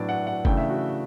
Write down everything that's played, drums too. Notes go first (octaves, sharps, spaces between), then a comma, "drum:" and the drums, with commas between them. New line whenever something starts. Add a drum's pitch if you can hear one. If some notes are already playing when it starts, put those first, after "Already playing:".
Already playing: A2 F#3 B3 D4 D5
F#5
F#5
C#3 E3 A3 D4 G5, drum: kick F#1
E5
F#4